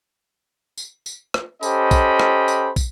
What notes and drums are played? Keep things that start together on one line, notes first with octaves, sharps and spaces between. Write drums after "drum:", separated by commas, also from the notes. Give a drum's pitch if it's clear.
drum: tambourine
drum: tambourine
drum: rim click
C#4 G4 A4 C5 D#5 B5, drum: tambourine
drum: kick, tambourine
drum: rim click
drum: tambourine
drum: kick, tambourine